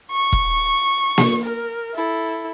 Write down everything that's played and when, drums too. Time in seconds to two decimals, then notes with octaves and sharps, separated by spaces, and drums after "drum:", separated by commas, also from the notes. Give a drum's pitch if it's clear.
0.11 C#6
0.32 drum: kick E1
1.18 drum: snare A#3
1.43 A#4
1.94 E4 A4